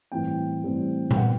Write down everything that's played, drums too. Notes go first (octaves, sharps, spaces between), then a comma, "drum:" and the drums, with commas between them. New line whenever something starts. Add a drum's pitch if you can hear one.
A2 E3 G3 C4 G5
A2 E3 G3 C4
G5, drum: tom A#2
A2 G3 B3 F#5